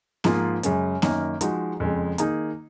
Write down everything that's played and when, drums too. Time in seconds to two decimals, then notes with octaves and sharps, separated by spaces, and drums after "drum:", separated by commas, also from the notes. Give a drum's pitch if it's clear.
0.24 G#2 F3 A#3 F4 G#4, drum: snare B3
0.63 F#2 C#3 G#3 C#4, drum: hi-hat
1.02 F#2 D#3 A#3 C#4, drum: snare B3
1.41 F3 G#3 D#4 F#4, drum: hi-hat
1.80 F2 C#3 G#3
2.18 D#3 A#3 D#4 G#4, drum: hi-hat